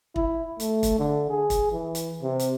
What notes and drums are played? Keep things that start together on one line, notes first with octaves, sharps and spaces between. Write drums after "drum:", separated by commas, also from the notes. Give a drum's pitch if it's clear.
E4, drum: kick
A3, drum: hi-hat
drum: kick, hi-hat
D3
G#4
drum: kick, hi-hat
E3
drum: hi-hat
C3
drum: hi-hat